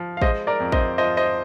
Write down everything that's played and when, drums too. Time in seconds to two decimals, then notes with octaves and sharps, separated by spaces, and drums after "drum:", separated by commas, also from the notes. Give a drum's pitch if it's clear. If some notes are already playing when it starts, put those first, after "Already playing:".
Already playing: F3
0.17 F5
0.22 G#3 C5 D#5, drum: kick
0.47 A#4 D5
0.60 F2
0.72 C5 D#5, drum: kick
0.98 F3 C5 D#5
1.17 C5 D#5